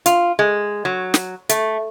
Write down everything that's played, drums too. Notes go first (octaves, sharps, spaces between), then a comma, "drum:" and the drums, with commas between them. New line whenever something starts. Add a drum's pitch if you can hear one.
F4, drum: hi-hat
G#3
F#3
drum: snare
A3, drum: hi-hat